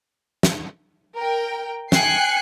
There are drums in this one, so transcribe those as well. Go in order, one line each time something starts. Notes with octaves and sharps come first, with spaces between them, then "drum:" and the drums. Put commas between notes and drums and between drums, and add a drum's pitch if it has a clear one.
drum: snare
A#4 G5
G5 G#5 F#6 C7 C#7, drum: snare